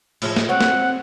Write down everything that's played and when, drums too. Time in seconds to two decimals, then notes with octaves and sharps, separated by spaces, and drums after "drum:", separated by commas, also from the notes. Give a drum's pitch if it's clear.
0.22 A2 F3 G#3, drum: cymbal
0.36 drum: snare
0.49 C4 C#5 F#5
0.60 drum: snare